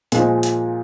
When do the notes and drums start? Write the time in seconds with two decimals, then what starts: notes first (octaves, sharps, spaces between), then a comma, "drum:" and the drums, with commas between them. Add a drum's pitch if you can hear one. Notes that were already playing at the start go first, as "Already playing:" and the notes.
0.12 A#2 F3 G#3, drum: hi-hat
0.43 drum: hi-hat